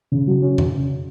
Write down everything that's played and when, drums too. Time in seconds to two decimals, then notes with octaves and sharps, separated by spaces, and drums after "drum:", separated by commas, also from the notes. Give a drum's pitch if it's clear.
0.12 C#3
0.27 F#3
0.42 C#4
0.58 C#3, drum: tom F2